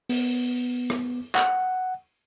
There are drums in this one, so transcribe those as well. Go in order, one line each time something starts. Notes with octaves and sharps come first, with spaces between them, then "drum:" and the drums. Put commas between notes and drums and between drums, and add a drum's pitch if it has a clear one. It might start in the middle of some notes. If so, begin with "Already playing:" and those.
B3, drum: open hi-hat
drum: rim click
F#5, drum: clap